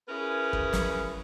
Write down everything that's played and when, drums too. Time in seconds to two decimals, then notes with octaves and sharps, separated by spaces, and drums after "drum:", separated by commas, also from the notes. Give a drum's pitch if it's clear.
0.09 C#4 E4 G#4 A#4 B4
0.53 drum: kick
0.73 drum: snare